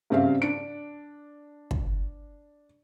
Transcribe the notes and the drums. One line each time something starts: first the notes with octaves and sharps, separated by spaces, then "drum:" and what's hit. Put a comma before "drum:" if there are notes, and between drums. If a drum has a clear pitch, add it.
G2 C#3 C4 G4 E5 F5
D4 D7
drum: kick